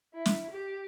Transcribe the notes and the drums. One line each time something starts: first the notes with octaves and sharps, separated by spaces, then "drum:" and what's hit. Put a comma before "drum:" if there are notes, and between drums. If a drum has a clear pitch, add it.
E4
drum: snare
G4